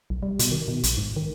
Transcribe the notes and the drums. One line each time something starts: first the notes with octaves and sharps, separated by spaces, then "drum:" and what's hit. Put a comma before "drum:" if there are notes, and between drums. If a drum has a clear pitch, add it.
B1
G3
B2, drum: hi-hat
D#3
B2
A#1, drum: hi-hat
G#2
D#3